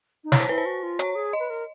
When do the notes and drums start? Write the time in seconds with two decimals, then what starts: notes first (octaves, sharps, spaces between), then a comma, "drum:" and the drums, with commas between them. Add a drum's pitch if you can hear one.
0.24 D#4
0.32 E4 C#5, drum: snare
0.40 C5
0.49 E4 B4
0.58 C5
0.66 F#4
0.83 F4
0.99 F#4 C#5, drum: hi-hat
1.15 G#4
1.33 D#5
1.40 B4
1.50 A#4